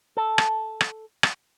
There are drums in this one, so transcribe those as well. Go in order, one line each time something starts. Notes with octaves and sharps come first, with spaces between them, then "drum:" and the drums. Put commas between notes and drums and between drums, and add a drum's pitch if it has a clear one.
A4
drum: rim click
drum: rim click
drum: rim click